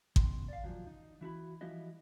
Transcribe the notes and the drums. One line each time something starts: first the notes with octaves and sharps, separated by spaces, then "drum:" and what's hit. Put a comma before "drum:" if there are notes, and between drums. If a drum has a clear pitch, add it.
F#2 B2 D#3 C6, drum: kick G#1
D5 F5
A#2 D#3 F3 F#3
D#4
E3 E4 F#4 B5
E3 F3 G3 E4 F#4 D#5